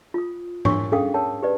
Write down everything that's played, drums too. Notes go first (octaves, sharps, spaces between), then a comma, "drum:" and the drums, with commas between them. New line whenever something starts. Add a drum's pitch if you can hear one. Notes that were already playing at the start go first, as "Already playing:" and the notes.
F4 D#6
D4 A#4 C#5 C6 C#6, drum: tom G#2
C#4 G#4 A4 F5 G5 D#6
A#4 C#5 G5 A5
G4 B4 D5